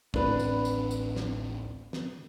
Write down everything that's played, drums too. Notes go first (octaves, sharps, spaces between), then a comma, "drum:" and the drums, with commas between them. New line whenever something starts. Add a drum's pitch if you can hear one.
D1 A1 C4 D4 B4, drum: kick
drum: tambourine
drum: tambourine
drum: tambourine
drum: snare
drum: snare